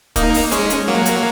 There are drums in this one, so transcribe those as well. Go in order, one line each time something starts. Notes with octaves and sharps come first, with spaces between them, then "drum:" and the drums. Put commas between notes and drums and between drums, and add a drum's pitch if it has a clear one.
A#3 D#4, drum: kick, hi-hat
drum: open hi-hat
G#3 C#4, drum: hi-hat
drum: hi-hat
F#3 A#3
drum: hi-hat